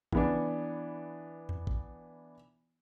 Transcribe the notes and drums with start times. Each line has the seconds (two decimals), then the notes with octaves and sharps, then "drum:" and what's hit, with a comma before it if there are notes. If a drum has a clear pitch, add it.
0.13 E3 B3 D4, drum: kick G#1
1.49 drum: tom E2
1.67 drum: kick G#1